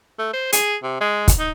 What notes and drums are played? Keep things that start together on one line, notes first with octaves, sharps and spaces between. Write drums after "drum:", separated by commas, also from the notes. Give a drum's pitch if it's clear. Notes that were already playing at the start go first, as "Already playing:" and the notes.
A3
C5
G#4, drum: hi-hat
C3
G#3
drum: kick, hi-hat
D#4